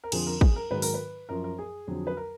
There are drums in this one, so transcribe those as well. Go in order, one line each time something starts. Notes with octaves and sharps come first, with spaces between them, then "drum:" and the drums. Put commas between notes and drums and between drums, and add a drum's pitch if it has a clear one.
A#4
F2 D3 F3 G#4, drum: cymbal
A#4
G#4, drum: kick
A#4
G#2 D#3 F#3 B4
A#4, drum: open hi-hat
B4
F#2 F3 A#4
A#4
G#4
F2 D3 F#3
B4
A#4